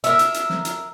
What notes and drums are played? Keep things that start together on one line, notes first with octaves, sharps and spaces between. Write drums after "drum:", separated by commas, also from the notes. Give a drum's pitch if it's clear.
A#4 E5, drum: hi-hat
drum: hi-hat
drum: hi-hat
drum: snare
drum: hi-hat